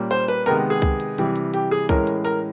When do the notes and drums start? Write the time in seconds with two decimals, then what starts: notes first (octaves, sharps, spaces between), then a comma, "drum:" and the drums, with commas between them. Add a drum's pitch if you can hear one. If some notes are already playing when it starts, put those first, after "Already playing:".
Already playing: A#2 G3 A#3 C#4
0.11 C5, drum: hi-hat
0.28 B4, drum: hi-hat
0.46 C3 D#3 G#3 B3 A#4, drum: hi-hat
0.70 G#4
0.82 drum: kick C2, hi-hat
1.00 drum: hi-hat
1.18 C3 E3 G3, drum: hi-hat
1.36 drum: hi-hat
1.54 G4, drum: hi-hat
1.71 G#4
1.89 A2 E3 G#3 C#4 A#4, drum: kick C2, hi-hat
2.07 drum: hi-hat
2.25 A#4, drum: hi-hat